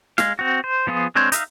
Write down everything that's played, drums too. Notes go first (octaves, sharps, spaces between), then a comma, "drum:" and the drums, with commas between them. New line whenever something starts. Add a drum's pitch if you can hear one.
G#3 F5, drum: snare
C4 F#4
C5
F3 B3 F4 G#4
G#3 C4 D4 C5 C#5
D#4 E5 F5, drum: hi-hat